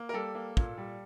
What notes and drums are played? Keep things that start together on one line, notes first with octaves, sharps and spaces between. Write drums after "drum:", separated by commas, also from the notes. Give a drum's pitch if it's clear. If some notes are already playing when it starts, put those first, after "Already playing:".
Already playing: A#3
A#4
G3 A4
A#3
A#2, drum: kick
G3